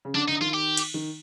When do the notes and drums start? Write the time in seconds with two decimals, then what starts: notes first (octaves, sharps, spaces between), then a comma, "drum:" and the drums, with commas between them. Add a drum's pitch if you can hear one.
0.05 C#3
0.14 D3 D4
0.28 D3 D#4
0.41 D#3 F4
0.54 G4
0.77 drum: cymbal
0.94 D#3